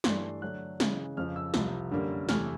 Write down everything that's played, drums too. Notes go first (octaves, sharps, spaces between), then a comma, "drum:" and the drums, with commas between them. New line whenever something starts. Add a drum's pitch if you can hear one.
G2 E3 A3 D4 C6, drum: snare
D3 F#3 A3 D4 F#6
C#3 E3 G#3, drum: snare
F2 C#3 F3 F6
E6
C2 C3 F3, drum: snare
F#2 D3 G3 A#3 D4
E2 C3 E3 A3 F6, drum: snare